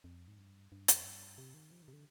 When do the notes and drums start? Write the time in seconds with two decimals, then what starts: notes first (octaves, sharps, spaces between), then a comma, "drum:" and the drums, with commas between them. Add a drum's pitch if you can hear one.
0.04 F2
0.28 G#2
0.38 G2
0.72 G2
0.88 F2, drum: hi-hat
1.05 G2
1.38 C3
1.54 D#3
1.71 F3
1.82 D#3
1.88 C3
1.93 D3